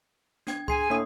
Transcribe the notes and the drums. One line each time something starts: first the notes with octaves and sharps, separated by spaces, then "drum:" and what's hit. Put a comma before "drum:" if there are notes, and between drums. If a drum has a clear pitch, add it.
D4 G5 G#6, drum: snare
G#4 G#5 C6 C7, drum: kick C#2
A2 A#3 D4 D#6